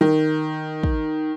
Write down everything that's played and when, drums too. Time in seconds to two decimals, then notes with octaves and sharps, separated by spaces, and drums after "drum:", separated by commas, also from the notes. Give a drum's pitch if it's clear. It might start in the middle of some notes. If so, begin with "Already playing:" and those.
0.01 D#3
0.83 drum: kick